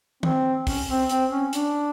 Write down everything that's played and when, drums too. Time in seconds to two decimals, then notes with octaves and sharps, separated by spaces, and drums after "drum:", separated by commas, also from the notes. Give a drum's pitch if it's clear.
0.23 C4, drum: tom D#3
0.67 C#4, drum: kick, open hi-hat
0.88 C4
1.09 C4, drum: hi-hat
1.31 C#4
1.53 D4, drum: hi-hat